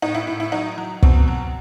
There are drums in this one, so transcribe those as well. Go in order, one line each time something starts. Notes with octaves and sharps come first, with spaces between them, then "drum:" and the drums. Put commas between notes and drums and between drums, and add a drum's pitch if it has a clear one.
A2 D#4
E4
A2 E4
E4
F#3 D#4
F#3
B2 C4, drum: kick
F#3